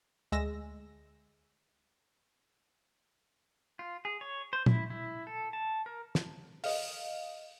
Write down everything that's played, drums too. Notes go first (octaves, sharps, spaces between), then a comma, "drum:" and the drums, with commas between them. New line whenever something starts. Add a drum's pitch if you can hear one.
D2 G#3 E6 A#6
F4
G#4
C#5
C5
E4, drum: tom A#2
E4
A4
A5
A#4
drum: snare
D#5 F5, drum: open hi-hat